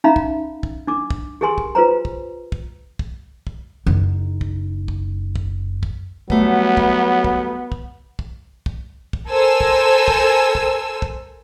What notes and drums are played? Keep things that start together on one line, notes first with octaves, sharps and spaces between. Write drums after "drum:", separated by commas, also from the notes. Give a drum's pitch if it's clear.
C#4 D#4 E5 F5 A#5 B5
drum: kick
drum: kick
D4 D6
drum: kick
G4 G#4 A#4 G#5 C6
drum: kick
F4 B4 C5 A#5
drum: kick
drum: kick
drum: kick
drum: kick
F#1 D#4
drum: kick
drum: kick
drum: kick
drum: kick
F#3 G3 A3 B3, drum: kick
drum: kick
drum: kick
drum: kick
drum: kick
drum: kick
drum: kick
A4 A#4 C5 G#5 E6
drum: kick
drum: kick
drum: kick
drum: kick